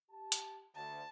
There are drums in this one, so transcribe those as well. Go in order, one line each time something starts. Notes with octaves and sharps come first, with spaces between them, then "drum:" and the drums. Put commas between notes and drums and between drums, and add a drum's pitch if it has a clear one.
G4 A5
drum: hi-hat
D2 A5